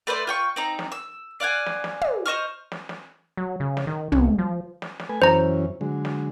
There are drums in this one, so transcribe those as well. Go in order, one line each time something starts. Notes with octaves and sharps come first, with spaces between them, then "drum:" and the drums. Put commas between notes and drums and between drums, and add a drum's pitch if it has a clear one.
A3 B4 C5 D5
F4 G5 C#6
C4 D#4 A#5
drum: snare
E6
D5 F5 F#5 G#5
drum: snare
drum: snare
drum: tom
C5 D#5 C#6 F6
drum: snare
drum: snare
F#3
C#3
drum: snare
D#3
C2, drum: tom
F3
drum: snare
drum: snare
A3 B4 G#5
F#2 E3 C#4 C5 A#5
D3 F#3 G#3
drum: snare